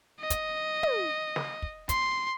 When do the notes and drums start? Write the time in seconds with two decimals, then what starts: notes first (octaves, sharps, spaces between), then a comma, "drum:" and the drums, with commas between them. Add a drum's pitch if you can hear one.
0.20 D#5
0.30 drum: kick, hi-hat
0.83 drum: tom
1.36 drum: snare
1.62 drum: kick
1.89 C6, drum: kick, hi-hat